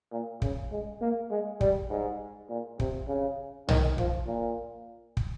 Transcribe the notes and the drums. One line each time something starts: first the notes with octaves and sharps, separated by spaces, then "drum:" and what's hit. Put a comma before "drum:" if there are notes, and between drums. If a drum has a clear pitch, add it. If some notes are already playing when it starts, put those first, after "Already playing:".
A#2
C#3, drum: kick
G#3
A#3
G#3
G3, drum: kick
G#2
A#2
C3, drum: kick
C#3
D#3, drum: tom B1
F3, drum: kick
A#2
drum: kick